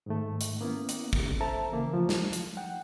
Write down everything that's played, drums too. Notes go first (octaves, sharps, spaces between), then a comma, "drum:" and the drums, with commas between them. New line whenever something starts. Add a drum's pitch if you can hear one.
G#2 D#3 A3
drum: hi-hat
A#3 B3 C#4 E4
drum: hi-hat
drum: kick
A4 C5 E5 A5 A#5
C#3 E3 A#3
F3 A3
drum: snare
drum: hi-hat
F#5 G5